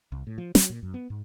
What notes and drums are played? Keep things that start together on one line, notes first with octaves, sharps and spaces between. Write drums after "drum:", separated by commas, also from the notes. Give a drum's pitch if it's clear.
C2
A2
F3
F#3, drum: snare
A#2
F#2
B3
G#2